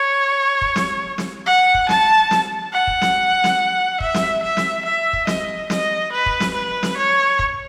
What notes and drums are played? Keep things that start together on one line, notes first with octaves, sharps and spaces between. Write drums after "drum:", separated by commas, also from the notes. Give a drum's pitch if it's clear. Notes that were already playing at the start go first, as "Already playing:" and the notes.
Already playing: C#5
drum: kick
drum: snare
drum: snare
F#5
drum: kick
A5, drum: snare
drum: snare
F#5
drum: kick
drum: snare
drum: snare
E5, drum: kick
drum: snare
E5
drum: snare
E5
drum: kick
D#5, drum: snare
D#5, drum: snare
B4
drum: kick
drum: snare
B4
drum: snare
C#5
drum: kick